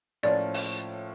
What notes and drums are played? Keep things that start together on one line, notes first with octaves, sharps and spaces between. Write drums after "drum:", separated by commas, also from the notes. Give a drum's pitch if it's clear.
A2 F3 A#3 C#4 F4 D5
drum: open hi-hat